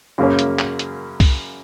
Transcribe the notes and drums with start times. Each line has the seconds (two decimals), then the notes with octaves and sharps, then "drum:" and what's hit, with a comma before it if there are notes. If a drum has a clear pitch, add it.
0.18 F#2 C#3 A#3 C#4
0.39 drum: hi-hat
0.59 drum: clap
0.79 drum: hi-hat
1.20 drum: kick C2, open hi-hat